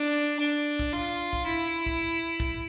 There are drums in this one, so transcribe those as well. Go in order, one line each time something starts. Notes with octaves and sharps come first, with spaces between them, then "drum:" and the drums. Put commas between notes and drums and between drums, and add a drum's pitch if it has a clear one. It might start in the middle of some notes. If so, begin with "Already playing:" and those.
Already playing: D4
D4
drum: kick
F4
drum: kick
E4
drum: kick
drum: kick